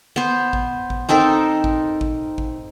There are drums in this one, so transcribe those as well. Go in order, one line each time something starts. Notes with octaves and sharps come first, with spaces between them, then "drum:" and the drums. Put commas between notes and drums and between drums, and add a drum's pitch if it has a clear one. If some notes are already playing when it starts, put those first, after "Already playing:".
B3 C5
drum: kick A1
drum: kick A1
C4 D#4 A4 A#4
drum: kick A1
drum: kick A1
drum: kick A1